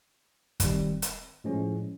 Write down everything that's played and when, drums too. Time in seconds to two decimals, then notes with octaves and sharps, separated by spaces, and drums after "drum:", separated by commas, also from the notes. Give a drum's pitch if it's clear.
0.60 G#2 D#3 G3 C4, drum: kick, hi-hat
1.02 drum: hi-hat
1.44 A2 F3 G#3 C#4